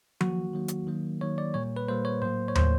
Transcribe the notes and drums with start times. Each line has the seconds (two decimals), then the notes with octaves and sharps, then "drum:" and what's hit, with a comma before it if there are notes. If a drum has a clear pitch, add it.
0.21 D#3 F#3 A#3 F#4, drum: tom F3
0.54 D#3 F#3 A#3
0.68 drum: hi-hat
0.87 D#3 F#3 A#3
1.21 D#3 F#3 A#3 C#5
1.38 D5
1.54 A#2 G3 A#3 C#5
1.76 B4
1.89 A#2 G3 A#3 C5
2.05 C#5
2.22 A2 F#3 A#3 C5
2.48 C#5
2.55 A2 F#3 A#3 C5, drum: tom D#2